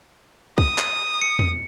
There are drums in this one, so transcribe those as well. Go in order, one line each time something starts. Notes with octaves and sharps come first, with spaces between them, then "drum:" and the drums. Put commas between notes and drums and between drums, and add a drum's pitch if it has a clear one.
D#6, drum: kick
drum: clap
C#7
drum: tom E2